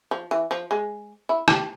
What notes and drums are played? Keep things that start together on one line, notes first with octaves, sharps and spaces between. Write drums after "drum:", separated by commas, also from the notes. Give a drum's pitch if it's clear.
F3
E3
F3
G#3
E4
G4, drum: rim click